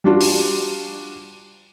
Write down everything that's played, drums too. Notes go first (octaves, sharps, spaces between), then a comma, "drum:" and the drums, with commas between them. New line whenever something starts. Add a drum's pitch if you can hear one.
G3 D4 F4 F#4
drum: open hi-hat